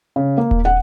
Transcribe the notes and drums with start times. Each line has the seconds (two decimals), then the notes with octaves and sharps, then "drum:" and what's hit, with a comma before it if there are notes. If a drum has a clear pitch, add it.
0.16 C#3
0.38 A#3
0.51 drum: kick D#1
0.65 F#5